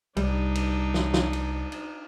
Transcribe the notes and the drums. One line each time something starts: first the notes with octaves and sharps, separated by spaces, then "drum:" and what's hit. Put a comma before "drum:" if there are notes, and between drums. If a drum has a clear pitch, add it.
C2 G3 D4 D#4, drum: cymbal
drum: cymbal
drum: snare
drum: snare
drum: cymbal
drum: cymbal